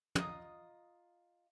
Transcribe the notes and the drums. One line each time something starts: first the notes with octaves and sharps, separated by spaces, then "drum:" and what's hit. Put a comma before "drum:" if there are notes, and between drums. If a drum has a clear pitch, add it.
F4 D#5 A#5 D#6, drum: tom